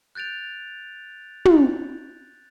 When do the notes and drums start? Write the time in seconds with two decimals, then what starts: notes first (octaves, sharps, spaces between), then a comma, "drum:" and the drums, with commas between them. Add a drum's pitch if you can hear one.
0.15 F#6 G6 A6 D7 F7
1.45 drum: tom